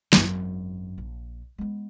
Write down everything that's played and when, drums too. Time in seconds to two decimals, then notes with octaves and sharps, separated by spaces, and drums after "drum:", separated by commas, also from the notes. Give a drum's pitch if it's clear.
0.13 G#1 F#2, drum: snare
0.98 A#1
1.58 G#3 B3